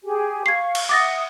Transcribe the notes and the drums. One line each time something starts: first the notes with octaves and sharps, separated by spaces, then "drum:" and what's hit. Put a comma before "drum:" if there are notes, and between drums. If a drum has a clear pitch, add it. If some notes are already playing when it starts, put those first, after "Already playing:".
G4 G#4 G#5
F5 C#6 G#6 C7
drum: cymbal
E5 F#5 D6 D#6 A6 A#6